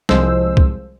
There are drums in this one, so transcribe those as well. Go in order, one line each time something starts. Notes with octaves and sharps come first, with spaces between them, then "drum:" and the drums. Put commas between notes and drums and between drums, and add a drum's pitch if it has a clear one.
C2 F3 G#3 C5 E6, drum: snare
drum: kick C#2